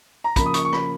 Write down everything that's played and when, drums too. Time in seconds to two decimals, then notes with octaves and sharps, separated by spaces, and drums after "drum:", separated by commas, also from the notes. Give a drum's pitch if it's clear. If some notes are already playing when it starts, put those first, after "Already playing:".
0.24 A#5
0.36 C#3 F3 A#3 B5, drum: kick, hi-hat
0.46 D#6
0.54 C#6, drum: hi-hat
0.65 C#6
0.73 B5, drum: rim click